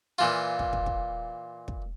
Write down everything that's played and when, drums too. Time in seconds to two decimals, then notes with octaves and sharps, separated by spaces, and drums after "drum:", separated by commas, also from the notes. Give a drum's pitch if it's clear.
0.19 A#2 E3 F4
0.59 drum: kick
0.73 drum: kick
0.86 drum: kick
1.68 drum: kick